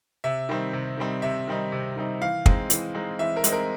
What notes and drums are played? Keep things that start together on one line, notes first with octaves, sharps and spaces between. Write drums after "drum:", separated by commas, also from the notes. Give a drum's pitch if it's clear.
C3 E5
D#3 G3 C4 D#4
C3
D#3 G3 C4 D#4
C3 E5
D#3 G3 C4 D#4
C3
D#3 G3 C4 D#4
E3 F5
G#3 C4 D#4, drum: kick
E3, drum: hi-hat
G#3 C4 D#4
E3 E5
A#4
G#3 C4 D#4, drum: hi-hat
A#4